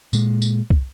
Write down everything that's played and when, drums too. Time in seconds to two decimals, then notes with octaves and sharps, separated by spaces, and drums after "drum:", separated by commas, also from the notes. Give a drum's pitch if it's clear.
0.13 A#2 G#3, drum: tambourine
0.42 drum: tambourine
0.70 drum: kick